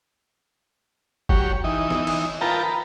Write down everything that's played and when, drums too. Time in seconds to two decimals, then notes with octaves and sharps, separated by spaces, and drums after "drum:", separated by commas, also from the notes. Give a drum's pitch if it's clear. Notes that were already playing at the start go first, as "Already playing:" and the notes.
1.29 F#3 G4 C#5, drum: kick
1.64 E3 D#4
1.90 drum: snare
2.07 drum: cymbal
2.41 F4 A#4 B4 G5 A5 A#5
2.63 B4